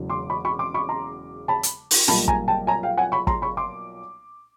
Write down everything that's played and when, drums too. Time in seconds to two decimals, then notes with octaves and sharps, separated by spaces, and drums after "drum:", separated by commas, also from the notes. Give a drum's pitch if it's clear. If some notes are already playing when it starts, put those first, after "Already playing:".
Already playing: E1 E2 C#3 F#3
0.10 C6 D6
0.30 B5 C#6
0.45 B5 C#6
0.59 C6 D6
0.74 B5 C#6
0.89 A#5 C6
1.48 A5 B5
1.63 drum: hi-hat
1.91 drum: open hi-hat
2.08 B1 A#2 G3 A#3 A5 B5, drum: snare
2.28 G#5 A#5, drum: kick
2.48 G5 A5
2.67 G#5 A#5
2.83 F5 G5
2.98 F#5 G#5
3.12 B5 C#6
3.27 A#5 C6, drum: kick
3.42 B5 C#6
3.57 C6 D6